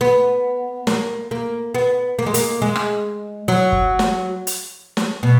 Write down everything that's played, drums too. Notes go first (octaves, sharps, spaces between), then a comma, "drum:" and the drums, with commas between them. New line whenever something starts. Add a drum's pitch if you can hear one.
B3
A#3, drum: snare
A#3
B3
A#3
G#3
A#3, drum: hi-hat
G#3
drum: rim click
F#3
drum: kick
drum: snare
drum: hi-hat
drum: snare
B2